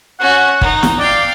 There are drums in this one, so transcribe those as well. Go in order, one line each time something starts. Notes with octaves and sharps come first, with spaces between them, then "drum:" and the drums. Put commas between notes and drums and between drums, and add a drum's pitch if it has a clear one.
C#4 F#4 F#5
D#4, drum: kick
drum: snare
D5 F5 G5